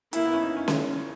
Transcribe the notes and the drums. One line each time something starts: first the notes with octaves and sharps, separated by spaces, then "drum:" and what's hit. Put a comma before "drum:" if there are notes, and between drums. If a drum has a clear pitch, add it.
A#3 E4, drum: hi-hat
B3
C#4
D#4
C#4
drum: snare C#4